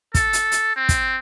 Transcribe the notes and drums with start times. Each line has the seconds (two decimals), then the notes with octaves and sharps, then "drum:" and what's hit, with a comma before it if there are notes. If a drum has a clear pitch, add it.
0.14 A4, drum: kick, hi-hat
0.33 drum: hi-hat
0.52 drum: hi-hat
0.76 C4
0.89 drum: kick, hi-hat